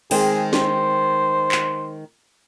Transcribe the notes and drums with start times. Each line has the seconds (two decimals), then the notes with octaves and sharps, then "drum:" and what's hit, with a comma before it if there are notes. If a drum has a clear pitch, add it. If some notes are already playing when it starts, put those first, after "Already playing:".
0.11 D#3 G#3 C4 G#4, drum: open hi-hat
0.53 C5, drum: snare
1.52 drum: clap